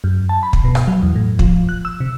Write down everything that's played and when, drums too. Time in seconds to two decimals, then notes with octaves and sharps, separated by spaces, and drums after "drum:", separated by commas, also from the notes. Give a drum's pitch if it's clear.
0.04 F#2
0.29 A5
0.43 B5
0.53 drum: kick
0.64 B2
0.75 drum: rim click
0.87 F#3
1.02 E2
1.15 A2
1.39 F3, drum: kick
1.69 F#6
1.85 E6
2.00 C3